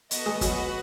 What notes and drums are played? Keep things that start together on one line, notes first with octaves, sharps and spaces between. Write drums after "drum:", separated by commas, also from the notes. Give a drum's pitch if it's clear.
B3 F#4 A4 D#5, drum: hi-hat
G#3
F#3 B3 F#4 B4 D#5 F#5, drum: kick, hi-hat